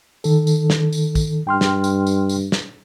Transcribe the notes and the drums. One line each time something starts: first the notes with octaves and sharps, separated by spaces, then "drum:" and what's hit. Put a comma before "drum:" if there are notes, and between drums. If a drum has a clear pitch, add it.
D#3 A4, drum: tambourine
drum: tambourine
drum: snare
drum: tambourine
drum: kick, tambourine
G2 G5 C6 F6
drum: snare
drum: tambourine
drum: tambourine
drum: tambourine
drum: snare